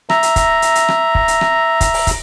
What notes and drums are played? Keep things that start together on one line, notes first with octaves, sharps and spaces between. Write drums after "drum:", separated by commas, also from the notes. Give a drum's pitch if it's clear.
E5 A#5, drum: rim click
drum: hi-hat
drum: kick, hi-hat
drum: hi-hat
drum: hi-hat
drum: rim click
drum: kick
drum: hi-hat
drum: rim click
drum: kick, hi-hat
drum: open hi-hat
drum: kick, hi-hat